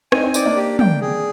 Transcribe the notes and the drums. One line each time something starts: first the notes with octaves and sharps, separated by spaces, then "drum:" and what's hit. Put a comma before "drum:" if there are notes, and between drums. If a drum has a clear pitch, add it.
C4 D#4 G#5, drum: rim click
D4
C4 D#4
C4 D#4 D5, drum: tambourine
A#3 D4
G4
G5, drum: tom
G#4